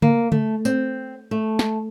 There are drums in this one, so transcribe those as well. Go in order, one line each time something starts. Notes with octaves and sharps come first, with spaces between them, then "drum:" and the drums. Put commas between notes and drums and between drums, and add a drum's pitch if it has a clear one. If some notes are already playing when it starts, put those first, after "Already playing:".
A#3, drum: tom C#3
A3, drum: tom C#3
C4, drum: tambourine
A3
drum: snare